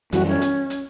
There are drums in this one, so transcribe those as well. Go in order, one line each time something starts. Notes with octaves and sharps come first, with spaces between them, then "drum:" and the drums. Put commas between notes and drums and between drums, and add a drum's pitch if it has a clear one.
F#2 E3 G3 F#4, drum: hi-hat
C#4
drum: hi-hat
drum: hi-hat